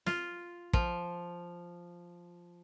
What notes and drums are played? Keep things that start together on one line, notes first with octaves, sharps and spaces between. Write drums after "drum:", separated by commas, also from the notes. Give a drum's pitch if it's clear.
F4, drum: snare
F3, drum: kick